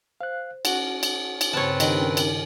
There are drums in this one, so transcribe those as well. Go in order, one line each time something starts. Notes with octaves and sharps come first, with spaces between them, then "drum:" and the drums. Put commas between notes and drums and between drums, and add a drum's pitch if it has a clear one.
C5 F5 F#6
C#4 F#4 F#5, drum: cymbal
drum: cymbal
drum: cymbal
G2 C#3 C4 B4 C#5 A5
D#3 D4 G4 F#5, drum: cymbal
C#4 A#4
drum: cymbal